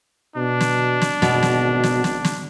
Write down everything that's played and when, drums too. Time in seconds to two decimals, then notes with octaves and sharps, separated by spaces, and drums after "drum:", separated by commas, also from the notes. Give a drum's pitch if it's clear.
0.36 B2 D4
0.60 drum: snare
1.01 drum: snare
1.22 G#1 B2, drum: snare
1.42 drum: snare
1.83 drum: snare
2.04 drum: snare
2.24 drum: snare